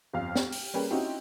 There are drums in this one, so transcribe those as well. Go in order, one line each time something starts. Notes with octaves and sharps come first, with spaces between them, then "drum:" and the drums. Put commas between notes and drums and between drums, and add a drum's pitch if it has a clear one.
G1 F2 F5 F6
G4, drum: snare
drum: open hi-hat
G3 A#3 C#4 G4 G#4 B4
C4 C#4 D#4 E4 F#4 G4